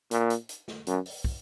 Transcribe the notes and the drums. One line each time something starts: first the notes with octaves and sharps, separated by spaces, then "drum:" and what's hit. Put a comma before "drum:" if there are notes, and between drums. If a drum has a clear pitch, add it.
A#2, drum: hi-hat
drum: hi-hat
drum: hi-hat
drum: snare
F#2, drum: hi-hat
drum: open hi-hat
drum: kick